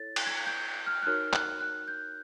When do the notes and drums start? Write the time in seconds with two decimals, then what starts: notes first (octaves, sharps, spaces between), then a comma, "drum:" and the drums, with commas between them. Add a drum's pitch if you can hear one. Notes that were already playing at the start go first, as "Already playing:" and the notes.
Already playing: E4 A4 C#5 A6
0.16 drum: cymbal
0.26 G#6
0.46 G6
0.86 F6
1.02 F#6
1.06 D#4 F#4 A#4 C#5 F6
1.33 F#6, drum: clap
1.61 F#6
1.88 G6